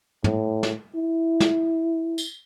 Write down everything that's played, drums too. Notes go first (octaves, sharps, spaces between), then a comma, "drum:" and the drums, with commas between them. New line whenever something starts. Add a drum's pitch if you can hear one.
A2, drum: tom
drum: snare
E4
drum: snare
drum: tambourine